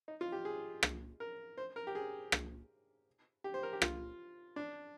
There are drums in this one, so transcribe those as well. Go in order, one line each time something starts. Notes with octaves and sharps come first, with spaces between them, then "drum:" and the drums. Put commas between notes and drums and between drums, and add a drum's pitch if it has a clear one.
D#4
F4
G4
G#4
drum: rim click
A#4
C5
A#4
G4
G#4
drum: rim click
G4
C5
A#4
G4
F4, drum: rim click
D4